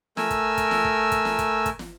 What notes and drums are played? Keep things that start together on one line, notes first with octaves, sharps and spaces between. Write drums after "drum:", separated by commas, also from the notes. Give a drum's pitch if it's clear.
A3 A#4 G#5 E6, drum: snare
drum: kick, hi-hat
drum: kick, hi-hat
drum: snare
drum: kick
drum: kick, hi-hat
drum: snare
drum: kick, hi-hat
drum: kick, hi-hat
drum: snare